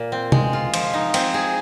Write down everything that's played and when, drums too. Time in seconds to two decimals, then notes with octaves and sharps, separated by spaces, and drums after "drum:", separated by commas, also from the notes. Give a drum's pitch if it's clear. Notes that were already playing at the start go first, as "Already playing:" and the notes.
Already playing: A#2
0.12 C4
0.32 G#3, drum: tom
0.53 F4
0.74 F3, drum: cymbal
0.94 D#4
1.14 C4, drum: cymbal
1.34 G#4